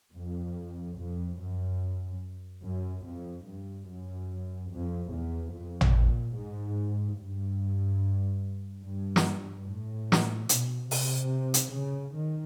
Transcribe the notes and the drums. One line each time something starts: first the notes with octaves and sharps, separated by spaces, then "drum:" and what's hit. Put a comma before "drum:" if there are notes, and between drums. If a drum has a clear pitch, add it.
F2
F2
F#2
F#2
F2
G2
F#2
F2
E2
F2
drum: tom
A#2
G#2
G2
G2
drum: snare
A2
drum: snare
B2, drum: hi-hat
C3, drum: open hi-hat
drum: hi-hat
C#3
D#3